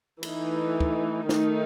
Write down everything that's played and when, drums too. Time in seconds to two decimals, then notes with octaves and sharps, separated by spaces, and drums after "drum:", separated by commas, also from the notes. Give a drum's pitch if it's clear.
0.23 E3 A3 D#4, drum: cymbal
0.80 drum: kick
1.29 D#3 A3 D#4, drum: snare